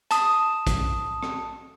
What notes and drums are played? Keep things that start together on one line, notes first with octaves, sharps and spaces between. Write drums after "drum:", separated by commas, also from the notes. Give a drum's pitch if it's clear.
A5 D#6, drum: hi-hat
drum: kick A#1, hi-hat
drum: rim click